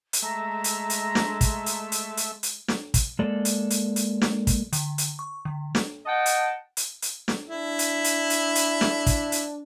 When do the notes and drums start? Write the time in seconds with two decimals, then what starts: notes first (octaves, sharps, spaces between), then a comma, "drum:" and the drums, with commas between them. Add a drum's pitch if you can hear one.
0.13 drum: hi-hat
0.22 G#3 A3 E5 A#5
0.64 drum: hi-hat
0.90 drum: hi-hat
1.15 drum: snare
1.41 drum: kick, hi-hat
1.66 drum: hi-hat
1.92 drum: hi-hat
2.17 drum: hi-hat
2.43 drum: hi-hat
2.68 drum: snare
2.94 drum: kick, hi-hat
3.19 G#3 A#3 A4 D5
3.45 drum: hi-hat
3.70 drum: hi-hat
3.96 drum: hi-hat
4.21 drum: snare
4.47 drum: kick, hi-hat
4.73 D3, drum: hi-hat
4.98 drum: hi-hat
5.19 C#6
5.45 D3
5.75 drum: snare
6.06 D#5 F#5 G5 A5
6.26 drum: hi-hat
6.77 drum: hi-hat
7.02 drum: hi-hat
7.28 drum: snare
7.49 D4 E4
7.79 drum: hi-hat
8.04 drum: hi-hat
8.30 drum: hi-hat
8.55 drum: hi-hat
8.81 drum: snare
9.06 drum: kick, hi-hat
9.32 drum: hi-hat